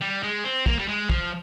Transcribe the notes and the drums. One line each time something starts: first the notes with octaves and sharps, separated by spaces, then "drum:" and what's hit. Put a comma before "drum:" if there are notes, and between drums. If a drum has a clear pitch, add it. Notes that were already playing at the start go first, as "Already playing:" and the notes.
G3
G#3
C4
A#3, drum: kick
G3
G#3
F3, drum: kick